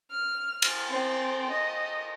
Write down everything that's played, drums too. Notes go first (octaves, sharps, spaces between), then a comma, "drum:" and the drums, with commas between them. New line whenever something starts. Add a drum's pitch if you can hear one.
F6
drum: cymbal
C4
D#5